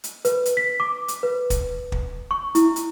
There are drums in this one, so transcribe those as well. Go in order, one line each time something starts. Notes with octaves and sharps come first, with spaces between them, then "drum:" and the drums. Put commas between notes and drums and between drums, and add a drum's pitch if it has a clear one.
drum: hi-hat
B4, drum: hi-hat
drum: hi-hat
B6
D6
drum: hi-hat
B4
drum: kick, hi-hat
drum: kick
C#6
E4, drum: hi-hat
drum: hi-hat